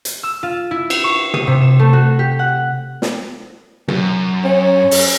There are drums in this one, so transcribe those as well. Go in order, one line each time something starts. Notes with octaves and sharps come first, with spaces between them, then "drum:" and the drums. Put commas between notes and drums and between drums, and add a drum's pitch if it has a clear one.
drum: hi-hat
E6
F4
E4
drum: cymbal
C#6
D#6, drum: tom
C3
E7
A3
F#4
G4
F#5
drum: snare
F#2, drum: tom
C#4
drum: open hi-hat